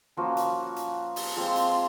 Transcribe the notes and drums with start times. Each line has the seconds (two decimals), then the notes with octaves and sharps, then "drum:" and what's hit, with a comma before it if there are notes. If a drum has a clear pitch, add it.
0.17 F3 A#3 C#4 F#4
0.37 drum: hi-hat
0.76 drum: hi-hat
1.16 drum: open hi-hat
1.36 F3 G#3 C4
1.56 drum: hi-hat